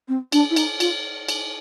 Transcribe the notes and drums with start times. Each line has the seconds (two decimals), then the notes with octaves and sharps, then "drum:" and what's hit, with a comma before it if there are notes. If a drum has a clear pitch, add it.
0.08 C4
0.32 D4, drum: cymbal
0.50 E4
0.56 D#4, drum: cymbal
0.80 F4, drum: cymbal
1.29 drum: cymbal